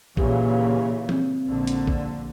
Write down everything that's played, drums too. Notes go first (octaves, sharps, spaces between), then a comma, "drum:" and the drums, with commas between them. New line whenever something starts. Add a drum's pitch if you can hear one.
A#2 C#3 E3 G4, drum: kick A1
C4, drum: tom E3
A#1 D3
drum: hi-hat
drum: kick A1